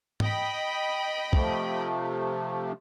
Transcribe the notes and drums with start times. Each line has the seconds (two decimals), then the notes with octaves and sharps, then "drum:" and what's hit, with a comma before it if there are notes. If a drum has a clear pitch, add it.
0.20 D#5 G5 B5, drum: tom G#2
1.33 C3 F3 A3, drum: kick